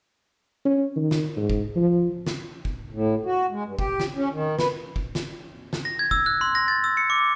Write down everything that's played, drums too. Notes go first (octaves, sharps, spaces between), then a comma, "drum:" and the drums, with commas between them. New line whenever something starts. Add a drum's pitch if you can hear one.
C#4
D#3
drum: snare
G#2
drum: kick
F3
drum: snare
drum: kick
A2
F#4
G#3
G2
G4, drum: kick
drum: snare
C#4
D#3
B4, drum: snare
drum: kick
drum: snare
drum: snare
A#6
G#6
E6, drum: kick
F#6
C6
A#6
A6
E6
C#7
D6